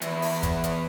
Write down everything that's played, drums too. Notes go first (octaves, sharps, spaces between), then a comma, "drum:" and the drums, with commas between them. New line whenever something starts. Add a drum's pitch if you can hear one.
E2 E4, drum: hi-hat
drum: open hi-hat
drum: kick, hi-hat
drum: hi-hat